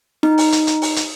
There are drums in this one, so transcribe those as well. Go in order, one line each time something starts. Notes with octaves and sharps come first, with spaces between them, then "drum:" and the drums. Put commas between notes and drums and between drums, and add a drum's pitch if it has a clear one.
D#4, drum: snare
drum: open hi-hat
drum: hi-hat
drum: hi-hat
drum: open hi-hat
drum: hi-hat